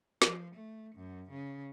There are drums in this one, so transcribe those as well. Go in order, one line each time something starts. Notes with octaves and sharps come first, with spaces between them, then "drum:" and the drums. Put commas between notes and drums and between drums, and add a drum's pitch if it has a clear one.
F3, drum: snare
A3
F#2
C#3